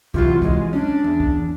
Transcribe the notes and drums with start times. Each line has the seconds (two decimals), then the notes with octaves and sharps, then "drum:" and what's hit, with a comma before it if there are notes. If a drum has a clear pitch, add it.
0.14 C3 E3 F#3 F4, drum: kick
0.42 G#3, drum: kick
0.73 C#4 D4
1.04 E2
1.20 drum: kick